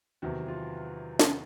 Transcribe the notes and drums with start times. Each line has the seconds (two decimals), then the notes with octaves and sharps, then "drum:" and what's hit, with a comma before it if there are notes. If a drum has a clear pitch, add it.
0.22 E2 C3 D#3 F#3 F#4
0.48 F4
1.19 drum: snare